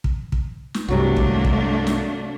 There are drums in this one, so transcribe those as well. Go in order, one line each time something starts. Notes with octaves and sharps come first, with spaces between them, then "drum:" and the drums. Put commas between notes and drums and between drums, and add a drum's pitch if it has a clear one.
drum: kick
drum: kick
drum: snare
C2 G2 C3 F#3 A3 A#3 D4 F#4
drum: kick
drum: kick
drum: snare